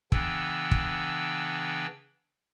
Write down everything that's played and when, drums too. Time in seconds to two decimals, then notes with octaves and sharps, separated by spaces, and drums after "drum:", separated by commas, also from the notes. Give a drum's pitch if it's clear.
0.12 C#3 E3 B3 D4 G5 E6, drum: kick
0.71 drum: kick